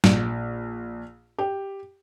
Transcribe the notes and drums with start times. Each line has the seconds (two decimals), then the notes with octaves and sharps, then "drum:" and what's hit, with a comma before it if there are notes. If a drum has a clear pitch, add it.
0.04 A#1, drum: snare
1.38 G4